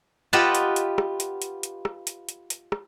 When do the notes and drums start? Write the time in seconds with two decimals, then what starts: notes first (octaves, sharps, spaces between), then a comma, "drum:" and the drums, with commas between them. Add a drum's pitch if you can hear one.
0.33 F4 G4 B4 D#5 F#5 A5
0.55 drum: hi-hat
0.76 drum: hi-hat
0.98 drum: rim click
1.20 drum: hi-hat
1.42 drum: hi-hat
1.63 drum: hi-hat
1.85 drum: rim click
2.07 drum: hi-hat
2.29 drum: hi-hat
2.50 drum: hi-hat
2.72 drum: rim click